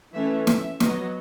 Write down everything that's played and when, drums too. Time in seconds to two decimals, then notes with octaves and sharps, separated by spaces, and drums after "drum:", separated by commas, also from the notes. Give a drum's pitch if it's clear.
0.14 E3 A3 C#4 E5
0.47 E5, drum: snare
0.80 F#3 B3 D#5, drum: snare